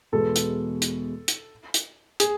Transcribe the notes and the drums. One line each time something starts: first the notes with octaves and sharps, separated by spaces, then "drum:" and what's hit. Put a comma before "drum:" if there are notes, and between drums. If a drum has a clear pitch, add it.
E2 B2 G#3 B3 A4
drum: hi-hat
drum: hi-hat
drum: hi-hat
drum: hi-hat
G#4, drum: hi-hat